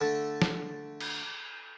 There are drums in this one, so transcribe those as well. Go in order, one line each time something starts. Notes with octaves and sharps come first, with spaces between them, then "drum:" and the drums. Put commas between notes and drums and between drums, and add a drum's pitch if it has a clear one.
D3 A3 A4
drum: snare
drum: cymbal